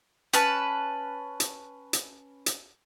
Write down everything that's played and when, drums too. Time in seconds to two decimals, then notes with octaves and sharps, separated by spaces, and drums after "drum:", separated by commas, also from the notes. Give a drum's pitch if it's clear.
0.33 C#4 B4 A5, drum: hi-hat
1.40 drum: hi-hat
1.93 drum: hi-hat
2.46 drum: hi-hat